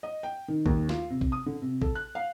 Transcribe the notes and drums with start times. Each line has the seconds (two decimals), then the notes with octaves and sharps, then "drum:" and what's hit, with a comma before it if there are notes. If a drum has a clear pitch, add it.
0.03 D#5
0.23 G5
0.48 D#3
0.66 D#2, drum: kick A#1
0.89 F4, drum: snare
1.10 C3
1.21 drum: kick A#1
1.32 D#6
1.46 D3
1.62 C3
1.82 A4, drum: kick A#1
1.95 F#6
2.15 F5